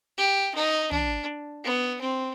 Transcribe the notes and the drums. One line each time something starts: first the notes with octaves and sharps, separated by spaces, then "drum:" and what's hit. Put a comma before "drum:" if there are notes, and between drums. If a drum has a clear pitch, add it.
G4
D#4
D4, drum: tom
B3
C4